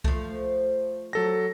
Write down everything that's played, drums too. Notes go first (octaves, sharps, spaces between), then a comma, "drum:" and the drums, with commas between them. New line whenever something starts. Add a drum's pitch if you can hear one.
F3 A3, drum: kick C2
F#3 A4 A#6